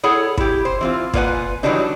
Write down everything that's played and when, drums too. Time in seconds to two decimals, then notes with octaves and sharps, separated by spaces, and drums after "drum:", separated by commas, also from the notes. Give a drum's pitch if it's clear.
0.03 E4 G#4 A4 C#5 F#5
0.37 E4 G4, drum: kick
0.65 C5
0.81 E3 C4 F4
1.14 A#3 F4 B4 C#5 F#5 G#5, drum: kick
1.63 D#3 E3 F#3 G3 D4 D#4